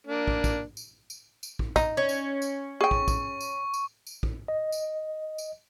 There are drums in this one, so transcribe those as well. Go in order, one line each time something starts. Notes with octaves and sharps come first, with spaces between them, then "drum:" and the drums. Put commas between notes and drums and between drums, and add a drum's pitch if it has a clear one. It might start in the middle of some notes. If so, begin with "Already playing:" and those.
A#3 D4
drum: kick
drum: kick, tambourine
drum: tambourine
drum: tambourine
drum: tambourine
drum: kick
D#4, drum: kick, tambourine
C#4
drum: tambourine
drum: tambourine
G#4 G5 C#6
drum: kick
drum: kick, tambourine
drum: tambourine
drum: tambourine
drum: tambourine
drum: kick
D#5
drum: tambourine
drum: tambourine